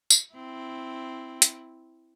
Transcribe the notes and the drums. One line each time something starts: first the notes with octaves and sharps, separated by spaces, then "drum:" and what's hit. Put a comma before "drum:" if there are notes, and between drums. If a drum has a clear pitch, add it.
drum: tambourine
C4 E4
drum: hi-hat